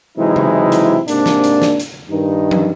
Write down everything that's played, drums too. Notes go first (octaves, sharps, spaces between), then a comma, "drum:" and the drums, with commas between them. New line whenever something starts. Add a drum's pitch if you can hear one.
C3 E3 F#3 G#3 D#4 E4
drum: tom C#3
drum: hi-hat
G#2 C3 A#3 D4, drum: hi-hat
drum: snare
drum: hi-hat
drum: snare
drum: hi-hat
G2 D#3 D#4
drum: tom F3